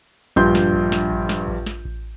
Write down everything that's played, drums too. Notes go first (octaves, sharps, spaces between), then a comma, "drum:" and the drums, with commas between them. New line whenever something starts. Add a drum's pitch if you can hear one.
A#1 G2 C6 G6, drum: kick A1
drum: snare
drum: kick A1
drum: snare
drum: kick A1
drum: snare
drum: kick A1
drum: snare
drum: kick A1